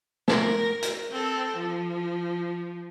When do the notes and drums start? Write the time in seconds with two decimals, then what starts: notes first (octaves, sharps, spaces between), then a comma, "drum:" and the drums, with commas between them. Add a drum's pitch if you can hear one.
0.28 A#4, drum: snare
0.83 drum: hi-hat
1.10 C4 A4
1.56 F3